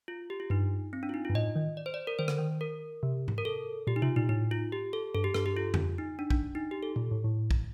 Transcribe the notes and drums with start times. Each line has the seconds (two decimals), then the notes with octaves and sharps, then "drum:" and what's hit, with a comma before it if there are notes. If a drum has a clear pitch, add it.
0.08 F4
0.30 G4
0.40 F4
0.50 G2 D#4
0.93 C4
1.03 D4
1.09 F4
1.14 D#4
1.25 F4
1.30 G2
1.35 A2 D#5
1.56 D#3
1.77 D5
1.86 C5
1.94 D5
2.07 A#4
2.19 D#3 C5
2.28 D3, drum: rim click
2.38 D#3
2.61 A#4
3.03 C3
3.28 drum: tom G#2
3.38 A#4
3.45 A4
3.87 A#2 G4
3.96 D#4
4.02 C3 F4
4.16 A#2 D#4
4.29 A2 D#4
4.51 F4
4.72 G4
4.93 A4
5.15 G2 A4
5.24 G4
5.34 G2 A4, drum: rim click
5.46 G4
5.57 F4
5.74 drum: tom F2
5.98 D#4
6.19 D4
6.31 D4, drum: kick
6.55 D#4
6.71 G4
6.83 A4
6.96 A#2
7.11 A2
7.24 A2
7.51 drum: kick